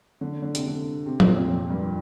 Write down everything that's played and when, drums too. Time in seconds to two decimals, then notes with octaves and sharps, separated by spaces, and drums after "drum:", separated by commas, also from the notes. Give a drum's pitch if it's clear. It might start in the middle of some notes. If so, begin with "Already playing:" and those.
0.21 D3
0.42 D3
0.55 C3, drum: hi-hat
0.67 D3
1.06 C3
1.20 A#2, drum: tom F3
1.35 F2
1.49 F2
1.70 G2